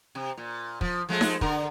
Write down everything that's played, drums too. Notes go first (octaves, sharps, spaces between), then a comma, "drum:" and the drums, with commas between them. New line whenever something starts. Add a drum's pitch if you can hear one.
C3
A#2
F3, drum: kick
F3 G#3 A3
drum: snare D#4
D3 A#4, drum: kick